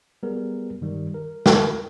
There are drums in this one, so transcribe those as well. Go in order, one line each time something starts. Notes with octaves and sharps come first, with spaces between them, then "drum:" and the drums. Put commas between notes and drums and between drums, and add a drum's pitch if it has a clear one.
G3 B3 G#4 A#4
G2 D#3 G3
A#4
drum: snare